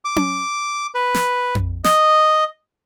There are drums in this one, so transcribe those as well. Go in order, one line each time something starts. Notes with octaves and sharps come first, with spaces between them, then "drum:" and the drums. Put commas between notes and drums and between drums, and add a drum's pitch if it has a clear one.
D6
drum: tom C#4
B4
drum: snare
drum: tom F2
D#5, drum: snare